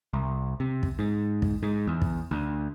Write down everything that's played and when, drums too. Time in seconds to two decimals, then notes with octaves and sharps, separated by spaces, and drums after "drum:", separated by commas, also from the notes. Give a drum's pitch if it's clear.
0.13 C2
0.60 C3
0.83 drum: kick
0.99 G#2
1.42 drum: kick
1.63 G#2
1.87 E2
2.02 drum: kick
2.31 D2